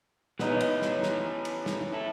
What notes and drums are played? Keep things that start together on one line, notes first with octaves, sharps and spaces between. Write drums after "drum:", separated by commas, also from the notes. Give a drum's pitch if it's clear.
E3 B3 C#4 D#4 E4, drum: snare
drum: cymbal
drum: snare
drum: snare
drum: cymbal
drum: snare
E4 A4